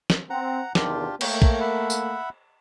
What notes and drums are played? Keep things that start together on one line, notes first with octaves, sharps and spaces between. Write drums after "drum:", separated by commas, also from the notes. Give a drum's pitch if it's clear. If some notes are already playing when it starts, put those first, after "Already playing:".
drum: snare
C4 F#5 A#5
E2 C3 D#3 D4 F4 G4, drum: snare
A3 A#3 C#5 G5, drum: cymbal
drum: kick
E5 F#5 B5
drum: tambourine